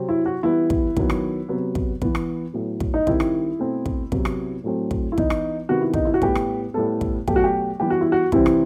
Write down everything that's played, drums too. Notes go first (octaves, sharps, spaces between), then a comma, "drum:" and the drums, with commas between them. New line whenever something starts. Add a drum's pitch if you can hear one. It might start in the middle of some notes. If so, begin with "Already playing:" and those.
Already playing: C3 F#3 C4
E4
F#4
E3 G3 B3 E4
drum: kick
D#3 F#3 B3, drum: kick
drum: rim click
C3 F#3 B3
drum: kick
E3 B3, drum: kick
drum: rim click
A2 F#3 B3
drum: kick
D#4
D#3 G3 C4 E4, drum: kick
drum: rim click
B2 A3 C4
drum: kick
C3 F#3 B3, drum: kick
drum: rim click
A2 F#3 A3 C4
drum: kick
E4
E3 B3 D#4, drum: kick
drum: rim click
C3 D#3 G3 B3 F#4
E4
D#4, drum: kick
E4
F#4
A2 G3 B3 G4, drum: kick
drum: rim click
A2 G3 B3 A4
drum: kick
B2 F#3 A3 G4, drum: kick
F#4
G4
E3 G3 B3 G4
F#4
E4
F#4
C3 E3 G3 C4 E4, drum: kick
drum: rim click